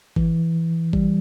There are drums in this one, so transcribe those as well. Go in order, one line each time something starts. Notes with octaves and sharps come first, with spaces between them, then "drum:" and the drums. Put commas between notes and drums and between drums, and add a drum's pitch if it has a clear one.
E3, drum: kick G#1
G3, drum: kick G#1